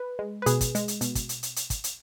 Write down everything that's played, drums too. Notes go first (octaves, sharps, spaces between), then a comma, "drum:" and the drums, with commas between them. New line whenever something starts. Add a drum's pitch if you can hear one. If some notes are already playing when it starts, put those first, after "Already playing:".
Already playing: B4
G#3
B4
B2 G#4, drum: hi-hat
drum: kick, hi-hat
G#3, drum: hi-hat
drum: hi-hat
B2, drum: hi-hat
drum: kick, hi-hat
drum: hi-hat
drum: hi-hat
drum: hi-hat
drum: kick, hi-hat
drum: hi-hat